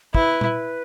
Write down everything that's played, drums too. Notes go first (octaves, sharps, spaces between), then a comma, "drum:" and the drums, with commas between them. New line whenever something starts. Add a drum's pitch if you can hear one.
E4 B4, drum: kick
drum: tom A#2